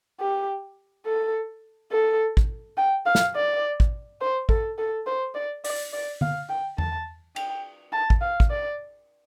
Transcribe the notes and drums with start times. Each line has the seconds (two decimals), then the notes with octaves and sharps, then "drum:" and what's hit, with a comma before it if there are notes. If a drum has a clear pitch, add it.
0.20 G4
1.06 A4
1.91 A4
2.37 drum: kick
2.77 G5
3.06 F5
3.15 drum: snare
3.36 D5
3.80 drum: kick
4.21 C5
4.49 A4, drum: kick
4.78 A4
5.06 C5
5.35 D5
5.64 D5, drum: open hi-hat
5.93 D5
6.21 F5, drum: tom D3
6.49 G5
6.78 A5, drum: tom E2
7.36 G5, drum: cymbal
7.93 A5
8.10 drum: kick
8.21 F5
8.40 drum: kick
8.50 D5